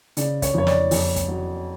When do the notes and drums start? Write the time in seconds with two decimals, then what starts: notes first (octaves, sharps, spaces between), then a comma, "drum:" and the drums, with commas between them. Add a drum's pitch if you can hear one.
0.17 C#3 D5, drum: hi-hat
0.42 C#5, drum: kick, hi-hat
0.54 F2 C#5
0.67 D5, drum: snare
0.91 F2, drum: open hi-hat
1.16 drum: kick, hi-hat
1.28 F#3